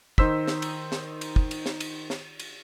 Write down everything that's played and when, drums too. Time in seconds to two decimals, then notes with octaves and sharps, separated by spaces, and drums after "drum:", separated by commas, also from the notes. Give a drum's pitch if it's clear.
0.18 D#3 D#4 C5 E6 B6, drum: kick
0.48 drum: snare
0.62 drum: cymbal
0.92 drum: snare
1.21 drum: cymbal
1.36 drum: kick
1.51 drum: cymbal
1.66 drum: snare
1.80 drum: cymbal
2.10 drum: snare
2.40 drum: cymbal